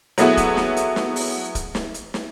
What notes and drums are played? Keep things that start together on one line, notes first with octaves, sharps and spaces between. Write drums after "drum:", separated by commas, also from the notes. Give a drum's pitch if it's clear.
F#3 A3 B3 E4 F#4 G#4, drum: hi-hat
drum: kick, hi-hat
drum: snare
drum: hi-hat
drum: snare
drum: open hi-hat
drum: kick, hi-hat
drum: snare
drum: hi-hat
drum: snare